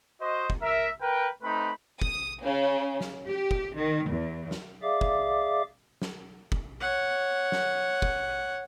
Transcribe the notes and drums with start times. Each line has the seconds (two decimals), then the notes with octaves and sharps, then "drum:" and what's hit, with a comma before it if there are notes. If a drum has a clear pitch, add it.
0.21 F#4 C5 D#5
0.50 drum: kick
0.62 A#4 E5
1.01 A#4 B4 G5
1.42 A3 C4 D#4 B4 B5
2.02 D#6, drum: kick
2.43 C#3
3.01 drum: snare
3.27 G4
3.51 drum: kick
3.76 D#3
4.10 E2
4.51 drum: snare
4.82 G#4 D5 E5 F5 D6
5.01 drum: kick
6.02 drum: snare
6.52 drum: kick
6.81 C#5 F#5
7.52 drum: snare
8.02 drum: kick